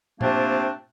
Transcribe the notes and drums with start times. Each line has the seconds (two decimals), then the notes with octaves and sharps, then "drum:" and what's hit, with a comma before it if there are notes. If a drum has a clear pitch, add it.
0.21 C3 F3 A3 A#3 C4 D4, drum: tom A#2